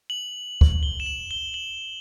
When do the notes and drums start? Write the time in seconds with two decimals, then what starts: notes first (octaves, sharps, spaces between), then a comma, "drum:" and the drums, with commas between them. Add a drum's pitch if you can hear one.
0.10 F#7
0.61 drum: kick
0.83 G7
1.00 E7
1.06 F#7
1.31 G7
1.54 F#7